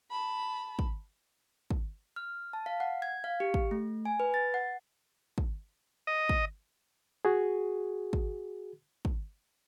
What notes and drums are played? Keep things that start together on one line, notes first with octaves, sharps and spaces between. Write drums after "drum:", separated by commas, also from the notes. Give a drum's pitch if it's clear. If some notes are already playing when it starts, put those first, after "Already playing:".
A5 B5
drum: kick
drum: kick
F6
A5
F5
F#5
G#6
F5
G4
drum: kick
A3
G#5
B4
A6
F#5
drum: kick
D#5
drum: kick
F#4 G#4
drum: kick
drum: kick